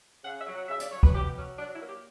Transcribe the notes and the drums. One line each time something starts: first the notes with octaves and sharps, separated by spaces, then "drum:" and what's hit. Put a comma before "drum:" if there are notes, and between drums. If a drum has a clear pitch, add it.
C#3 F#5
E5
F#3
F#5
C#3 E5
D5, drum: hi-hat
F#3 C#5
B4, drum: kick
B2 G4
F#3 C#4
F#3 D4
E4
A#3
G4